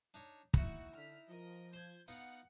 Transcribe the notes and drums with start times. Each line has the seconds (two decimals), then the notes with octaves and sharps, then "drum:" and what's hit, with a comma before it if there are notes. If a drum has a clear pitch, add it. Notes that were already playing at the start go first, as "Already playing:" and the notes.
0.14 D4 D#4 C#5
0.54 D#4 E4 F#4, drum: kick
0.94 D3 F6 B6
1.29 F3 A#4 D#5
1.73 C5 G6 G#6
2.08 B3 D#4 F4 F#5